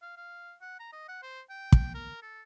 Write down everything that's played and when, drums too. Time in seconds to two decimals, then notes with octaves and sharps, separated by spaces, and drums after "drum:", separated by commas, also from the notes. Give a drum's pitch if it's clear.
0.02 F5
0.17 F5
0.61 F#5
0.80 A#5
0.93 D#5
1.08 F#5
1.23 C5
1.50 G5
1.72 drum: kick
1.94 A#4
2.22 A4